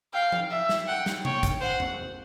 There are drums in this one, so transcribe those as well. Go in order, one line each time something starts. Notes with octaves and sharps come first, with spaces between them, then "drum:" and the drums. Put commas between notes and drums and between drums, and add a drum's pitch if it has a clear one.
F5 G5
drum: tom F3
E5
drum: snare
F#5 G5
drum: snare
C#5 G5, drum: tom C3
drum: kick, hi-hat
C5 F#5
drum: tom E2